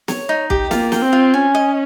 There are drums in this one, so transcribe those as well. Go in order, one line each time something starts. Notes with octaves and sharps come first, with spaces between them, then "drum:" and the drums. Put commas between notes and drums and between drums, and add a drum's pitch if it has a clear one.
C#5, drum: snare
D#4
G4, drum: kick
A#3 F4, drum: snare
G5, drum: snare
C4
F4
C#4 G#5
D#5